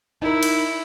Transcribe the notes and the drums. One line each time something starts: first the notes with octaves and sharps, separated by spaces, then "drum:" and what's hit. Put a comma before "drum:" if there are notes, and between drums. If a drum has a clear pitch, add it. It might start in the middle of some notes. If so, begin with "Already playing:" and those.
D#4 E4 A#4
drum: cymbal